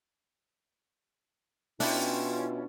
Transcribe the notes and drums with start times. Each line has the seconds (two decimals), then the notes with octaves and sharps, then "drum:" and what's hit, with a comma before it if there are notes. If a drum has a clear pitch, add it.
1.80 B2 C#4 D4 E4 F4 E5 G5 B5, drum: open hi-hat